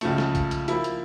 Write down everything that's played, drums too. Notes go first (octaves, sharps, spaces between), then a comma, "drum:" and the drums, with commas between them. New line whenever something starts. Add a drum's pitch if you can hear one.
C#2 C#3 F3 A3, drum: hi-hat
drum: snare
drum: kick B1, hi-hat
drum: hi-hat
F3 A#3 E4, drum: hi-hat
drum: hi-hat